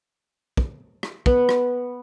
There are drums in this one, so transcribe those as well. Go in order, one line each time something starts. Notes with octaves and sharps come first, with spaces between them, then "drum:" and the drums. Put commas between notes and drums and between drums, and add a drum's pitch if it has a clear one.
drum: kick
drum: rim click
B3, drum: kick
drum: rim click